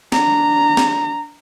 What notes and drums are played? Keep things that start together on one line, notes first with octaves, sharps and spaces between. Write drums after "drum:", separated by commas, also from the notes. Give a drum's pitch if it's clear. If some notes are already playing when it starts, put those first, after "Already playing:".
D4 A#5, drum: snare
drum: snare